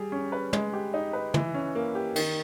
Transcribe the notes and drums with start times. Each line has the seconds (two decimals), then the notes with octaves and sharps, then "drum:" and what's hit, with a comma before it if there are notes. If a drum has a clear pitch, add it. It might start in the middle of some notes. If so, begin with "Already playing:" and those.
Already playing: G3 G#4
0.12 C#4
0.32 B4
0.53 G#3, drum: tom
0.73 G4
0.94 D#4
1.13 B4
1.34 E3, drum: tom
1.54 C#4
1.75 A#3
1.95 G4
2.16 D#3, drum: cymbal